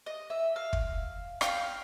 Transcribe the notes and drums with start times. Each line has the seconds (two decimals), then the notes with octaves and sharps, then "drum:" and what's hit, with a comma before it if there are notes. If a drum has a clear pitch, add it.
0.06 D#5
0.30 E5
0.56 F5
0.73 drum: kick
1.41 F5 G5 B5, drum: rim click